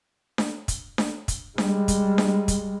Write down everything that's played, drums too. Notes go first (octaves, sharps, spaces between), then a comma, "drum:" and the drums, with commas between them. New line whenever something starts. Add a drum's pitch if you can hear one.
drum: snare D4
drum: kick, hi-hat
drum: snare D4
drum: kick, hi-hat
G3 G#3, drum: snare D4
drum: kick, hi-hat
drum: snare D4
drum: kick, hi-hat